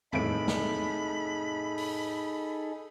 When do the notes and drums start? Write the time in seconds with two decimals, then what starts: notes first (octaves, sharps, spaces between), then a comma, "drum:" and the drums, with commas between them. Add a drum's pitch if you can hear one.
0.13 F1 A2 D#4 G#4 A4 B5 D7, drum: tom
0.48 drum: snare
1.78 drum: open hi-hat